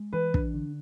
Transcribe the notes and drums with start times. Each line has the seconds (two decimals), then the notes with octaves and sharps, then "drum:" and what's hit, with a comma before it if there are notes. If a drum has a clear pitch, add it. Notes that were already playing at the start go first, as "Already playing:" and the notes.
Already playing: G#3
0.13 E3 B4
0.34 D4, drum: kick
0.54 D3